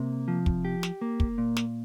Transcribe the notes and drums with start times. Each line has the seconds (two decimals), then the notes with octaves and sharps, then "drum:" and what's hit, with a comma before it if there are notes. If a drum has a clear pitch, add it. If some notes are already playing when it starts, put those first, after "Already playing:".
Already playing: C3 A#3
0.28 F3
0.46 drum: kick
0.65 G4
0.83 drum: snare
1.01 A#3
1.20 drum: kick
1.38 A#2
1.57 drum: snare